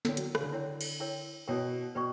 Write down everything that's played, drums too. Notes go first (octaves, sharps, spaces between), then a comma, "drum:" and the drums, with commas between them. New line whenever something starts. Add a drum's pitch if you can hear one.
D3 E4 A#4 C#5 G5, drum: snare
F#3, drum: hi-hat
C#3, drum: rim click
D3
E4 A#4 C#5 G5
drum: cymbal
E4 A#4 C#5 G5
B2 E4 A#4 C#5 G5
B2 B4 D5 G5 C#6